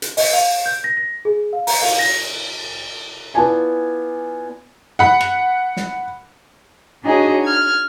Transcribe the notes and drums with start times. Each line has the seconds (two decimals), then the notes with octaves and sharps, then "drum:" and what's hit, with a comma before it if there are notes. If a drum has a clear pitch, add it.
0.02 drum: hi-hat
0.17 D#5, drum: open hi-hat
0.33 F5
0.66 G6
0.84 A#6
0.97 A#6
1.25 G#4
1.53 F5
1.67 A#5, drum: open hi-hat
1.82 F5, drum: cymbal
1.99 A#6
3.34 B3 E4 F4 D5 G#5 A5
4.99 F#5 B5
5.21 drum: rim click
5.77 drum: snare
7.04 D4 D#4 F#4 G#4 C#5
7.45 F6 G#6